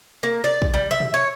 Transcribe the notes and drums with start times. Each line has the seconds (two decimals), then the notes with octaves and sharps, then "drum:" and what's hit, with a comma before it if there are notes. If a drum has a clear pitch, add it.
0.23 A#3
0.44 D5
0.62 drum: kick
0.74 G3
0.91 E5
1.00 drum: tom A#2
1.14 C#5